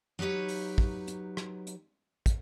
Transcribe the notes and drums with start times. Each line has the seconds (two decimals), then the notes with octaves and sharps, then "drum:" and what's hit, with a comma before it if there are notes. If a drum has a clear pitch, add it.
0.19 F#3 D#4 G4 B4 C#5
0.48 drum: open hi-hat
0.78 drum: kick
1.08 drum: hi-hat
1.37 drum: rim click
1.67 drum: hi-hat
2.26 drum: kick, hi-hat